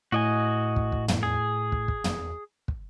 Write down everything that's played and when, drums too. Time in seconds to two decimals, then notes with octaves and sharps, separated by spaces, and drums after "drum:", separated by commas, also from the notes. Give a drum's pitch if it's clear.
0.12 A2 F#4 D#5 G#5
0.76 drum: kick
0.92 drum: kick
1.08 drum: tom
1.23 G#4
1.72 drum: kick
1.88 drum: kick
2.04 drum: tom
2.68 drum: kick